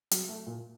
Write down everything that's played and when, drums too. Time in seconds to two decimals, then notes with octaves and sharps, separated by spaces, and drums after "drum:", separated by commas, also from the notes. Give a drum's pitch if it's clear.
0.11 F#3, drum: hi-hat
0.29 A3
0.47 A#2